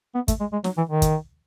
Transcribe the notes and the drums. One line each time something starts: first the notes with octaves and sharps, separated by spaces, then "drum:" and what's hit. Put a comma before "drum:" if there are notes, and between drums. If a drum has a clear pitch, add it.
B3
A3, drum: kick, hi-hat
G#3
G#3
F#3, drum: snare
E3
D#3
drum: kick, hi-hat